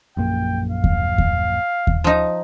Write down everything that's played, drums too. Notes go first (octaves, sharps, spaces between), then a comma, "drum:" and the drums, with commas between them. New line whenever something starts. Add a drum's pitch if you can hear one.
A#1 F#2 A#3 G5
F5
drum: kick D#2
drum: kick D#2
drum: kick D#2
F3 D#4